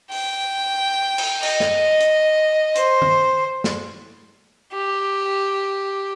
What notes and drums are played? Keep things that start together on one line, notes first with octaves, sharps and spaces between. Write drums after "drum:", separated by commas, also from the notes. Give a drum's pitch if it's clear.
G5, drum: open hi-hat
drum: cymbal
D#5, drum: cymbal
drum: snare
drum: hi-hat
C5, drum: hi-hat
drum: tom
drum: snare
G4